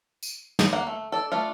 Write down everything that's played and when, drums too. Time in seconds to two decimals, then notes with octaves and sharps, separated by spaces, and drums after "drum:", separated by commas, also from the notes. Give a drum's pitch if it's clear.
0.23 drum: tambourine
0.59 drum: snare
0.73 A#3 F#5
0.87 A3
1.12 A4 D5
1.32 A3 D4 F4